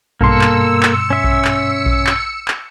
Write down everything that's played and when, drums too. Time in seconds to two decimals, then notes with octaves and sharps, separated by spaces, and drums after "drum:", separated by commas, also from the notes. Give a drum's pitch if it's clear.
0.21 G2 B2 A#3 A4 C6 E6 C#7, drum: kick A#1
0.41 drum: clap
0.83 drum: clap
1.10 C#4 E5
1.24 drum: kick A#1
1.45 drum: clap
1.86 drum: kick A#1
2.07 drum: clap
2.48 drum: clap